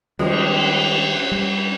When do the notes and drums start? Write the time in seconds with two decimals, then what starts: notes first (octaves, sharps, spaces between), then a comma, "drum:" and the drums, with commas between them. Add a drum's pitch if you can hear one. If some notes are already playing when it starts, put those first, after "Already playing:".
0.19 D#3 F3 G3 G#3 G4, drum: cymbal
1.32 G3